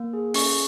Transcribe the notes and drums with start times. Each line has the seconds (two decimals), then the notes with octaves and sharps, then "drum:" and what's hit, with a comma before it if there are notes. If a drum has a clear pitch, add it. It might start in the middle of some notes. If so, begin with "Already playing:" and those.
Already playing: A#3
0.13 G#4
0.34 C#4 C#6, drum: open hi-hat